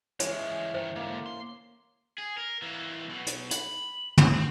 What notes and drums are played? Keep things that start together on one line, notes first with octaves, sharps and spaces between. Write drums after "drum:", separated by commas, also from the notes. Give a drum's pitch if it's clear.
E3 F3 G#3 C#4 C#5, drum: hi-hat
G2 D#3 C5
G#2 D3 A#3
C6
G#4
A#4
E3 A#3
B1 B2
drum: hi-hat
B5, drum: hi-hat
drum: tom
C4